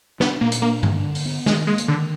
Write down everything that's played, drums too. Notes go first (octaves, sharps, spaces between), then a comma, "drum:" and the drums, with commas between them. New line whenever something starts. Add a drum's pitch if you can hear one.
B3 D4, drum: snare
A#2 A#3
drum: hi-hat
A#3 D4
D3, drum: tom G2
D3
drum: open hi-hat
B3
D#3 G#3, drum: snare
G#3 A#3
drum: hi-hat
D3 D#3